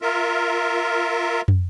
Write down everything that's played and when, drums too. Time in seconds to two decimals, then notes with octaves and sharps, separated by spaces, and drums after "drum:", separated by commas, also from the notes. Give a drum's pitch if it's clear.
0.02 F4 A#4 E5
1.48 drum: tom